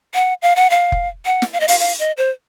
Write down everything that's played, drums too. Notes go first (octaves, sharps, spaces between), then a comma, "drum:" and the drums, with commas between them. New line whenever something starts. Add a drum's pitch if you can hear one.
F#5
F5
F#5
F5
drum: kick F1
F#5
drum: snare
F5
D#5
F5, drum: open hi-hat
F5
D#5
C5